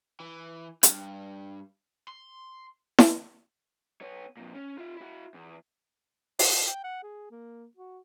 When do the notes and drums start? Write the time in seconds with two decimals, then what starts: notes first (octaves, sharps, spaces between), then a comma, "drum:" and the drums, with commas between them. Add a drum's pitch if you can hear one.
0.20 E3
0.83 G2, drum: hi-hat
2.08 C6
2.99 drum: snare E4
4.01 B3 C#5
4.37 F2 A#2
4.54 C#4
4.78 F4 E5
4.97 E4 F#4
5.34 E2
6.39 F#5, drum: open hi-hat
6.66 G5
6.84 F#5
7.03 G#4
7.31 A#3
7.77 F#4